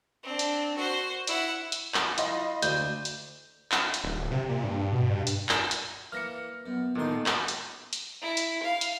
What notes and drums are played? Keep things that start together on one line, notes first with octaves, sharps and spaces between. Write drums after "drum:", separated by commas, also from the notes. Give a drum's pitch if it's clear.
C4 D4
drum: hi-hat
F#4 C5
E4 F#5, drum: hi-hat
drum: hi-hat
drum: clap
E4 D#5 F5 B5 C6 A#6, drum: hi-hat
D2 G6, drum: hi-hat
drum: hi-hat
drum: clap
drum: hi-hat
D#1
D1
C3
A#2
G2
G2
B2
G2
drum: hi-hat
drum: clap
drum: hi-hat
E3 A#3 F6 A#6 C#7
F#2 B3
A1 A#2 D#3 D#4 A4 C6
drum: clap
drum: hi-hat
drum: hi-hat
E4
drum: hi-hat
F5
drum: hi-hat